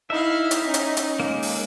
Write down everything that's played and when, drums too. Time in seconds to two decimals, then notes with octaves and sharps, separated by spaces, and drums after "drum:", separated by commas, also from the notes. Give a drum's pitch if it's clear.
0.10 D#4 E4 E5 F5
0.51 drum: hi-hat
0.63 C#4
0.74 drum: hi-hat
0.97 drum: hi-hat
1.20 G#3 A#3
1.42 drum: open hi-hat